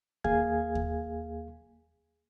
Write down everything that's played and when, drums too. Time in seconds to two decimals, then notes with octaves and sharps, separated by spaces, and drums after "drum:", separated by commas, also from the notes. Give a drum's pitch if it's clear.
0.24 D#2 A#3 G#4 F5 G#5 G#6, drum: kick D#2
0.75 drum: kick D#2